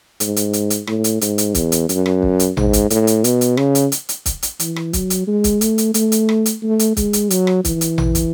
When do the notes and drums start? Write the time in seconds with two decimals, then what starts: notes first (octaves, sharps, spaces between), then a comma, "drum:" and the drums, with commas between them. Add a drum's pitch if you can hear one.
0.20 G#2, drum: hi-hat
0.36 drum: hi-hat
0.53 drum: hi-hat
0.70 drum: hi-hat
0.87 A2, drum: rim click
1.04 drum: hi-hat
1.21 G#2, drum: hi-hat
1.38 drum: hi-hat
1.55 E2, drum: kick, hi-hat
1.72 drum: hi-hat
1.89 F#2, drum: hi-hat
2.06 drum: rim click
2.23 drum: kick
2.39 drum: hi-hat
2.57 G#2, drum: tom A1
2.73 drum: kick, hi-hat
2.90 A2, drum: hi-hat
3.07 drum: hi-hat
3.24 B2, drum: hi-hat
3.41 drum: hi-hat
3.57 C#3, drum: rim click
3.75 drum: hi-hat
3.92 drum: hi-hat
4.09 drum: hi-hat
4.26 drum: kick, hi-hat
4.43 drum: hi-hat
4.60 E3, drum: hi-hat
4.76 drum: rim click
4.93 F#3, drum: kick, hi-hat
5.10 drum: hi-hat
5.27 G#3
5.44 drum: kick, hi-hat
5.61 A3, drum: hi-hat
5.78 drum: hi-hat
5.94 A3, drum: hi-hat
6.12 drum: hi-hat
6.29 drum: rim click
6.46 drum: hi-hat
6.63 A3
6.79 drum: hi-hat
6.97 G#3, drum: kick, hi-hat
7.13 drum: hi-hat
7.30 F#3, drum: hi-hat
7.47 drum: rim click
7.65 E3, drum: kick, hi-hat
7.81 drum: hi-hat
7.98 drum: tom A1
8.15 drum: kick, hi-hat